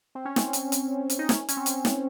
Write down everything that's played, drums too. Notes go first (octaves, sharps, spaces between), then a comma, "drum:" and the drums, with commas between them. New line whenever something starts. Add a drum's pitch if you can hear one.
C4
C#4
C4, drum: snare
drum: hi-hat
drum: hi-hat
drum: hi-hat
D#4
C#4, drum: snare
C#4, drum: hi-hat
C4
drum: hi-hat
drum: snare